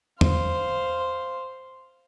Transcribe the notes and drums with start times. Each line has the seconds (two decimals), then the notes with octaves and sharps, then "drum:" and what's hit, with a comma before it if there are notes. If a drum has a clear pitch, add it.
0.21 C5 F5, drum: tom E2